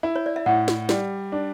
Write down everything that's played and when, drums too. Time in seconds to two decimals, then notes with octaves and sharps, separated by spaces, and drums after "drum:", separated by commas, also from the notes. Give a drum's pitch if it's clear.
0.03 E4
0.16 C#5
0.26 D5
0.36 E5
0.46 A2 F#5
0.68 drum: snare
0.89 G3, drum: snare
1.32 D4